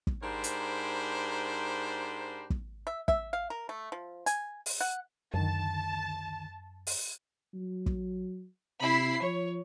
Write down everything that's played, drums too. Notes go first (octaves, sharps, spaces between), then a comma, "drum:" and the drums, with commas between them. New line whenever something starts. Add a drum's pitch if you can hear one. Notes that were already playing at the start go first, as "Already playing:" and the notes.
drum: kick
G#2 D4 G4 A#4 C5 B5
drum: hi-hat
drum: kick
E5
E5, drum: kick
F5
A#4
A3
F3
G#5, drum: hi-hat
drum: open hi-hat
F#5
C#2 F#2 D3 D#3 A5
drum: open hi-hat
F#3
drum: kick
C3 E4 B5 C7
F3 C#5